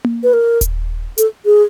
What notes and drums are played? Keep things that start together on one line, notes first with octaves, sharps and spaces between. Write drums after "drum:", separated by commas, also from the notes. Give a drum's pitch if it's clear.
drum: tom A#3
B4
A#4
drum: kick D#1, hi-hat
A4, drum: hi-hat
G#4